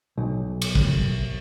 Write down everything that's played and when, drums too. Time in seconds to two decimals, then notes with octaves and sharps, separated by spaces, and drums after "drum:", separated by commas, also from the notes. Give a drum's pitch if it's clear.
0.18 B1
0.62 drum: cymbal
0.75 drum: kick